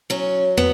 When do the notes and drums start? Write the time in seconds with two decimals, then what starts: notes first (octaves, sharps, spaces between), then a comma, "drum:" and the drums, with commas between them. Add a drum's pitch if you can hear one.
0.10 F#3 C#4
0.57 B3, drum: tom